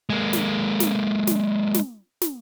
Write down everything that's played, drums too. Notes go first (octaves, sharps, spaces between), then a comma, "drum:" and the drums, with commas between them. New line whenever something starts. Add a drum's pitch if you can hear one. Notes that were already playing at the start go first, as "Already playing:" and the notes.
G#3 A#3
drum: snare
drum: snare
drum: snare
drum: snare
drum: snare